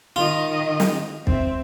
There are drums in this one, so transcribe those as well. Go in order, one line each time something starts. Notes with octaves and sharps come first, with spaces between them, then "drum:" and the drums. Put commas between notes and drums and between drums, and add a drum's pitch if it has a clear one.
D#3 F4 D#5
drum: snare
C4 E5, drum: kick